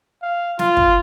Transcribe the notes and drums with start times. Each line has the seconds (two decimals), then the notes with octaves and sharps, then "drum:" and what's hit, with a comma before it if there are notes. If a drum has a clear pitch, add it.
0.22 F5
0.59 F4, drum: snare
0.77 drum: kick